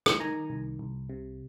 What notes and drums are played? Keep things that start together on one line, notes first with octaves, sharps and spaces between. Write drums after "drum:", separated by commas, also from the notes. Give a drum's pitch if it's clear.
drum: rim click
D#3 G#5 A#5
C2
C2
C3